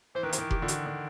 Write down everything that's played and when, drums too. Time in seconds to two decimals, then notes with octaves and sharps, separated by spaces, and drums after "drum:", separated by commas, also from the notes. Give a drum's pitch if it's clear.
0.15 E3 C5
0.23 D#3 B4
0.30 E3
0.33 C5, drum: hi-hat
0.38 D#3
0.51 G4, drum: kick F1
0.62 D3 F4
0.68 F#4, drum: hi-hat
0.86 D3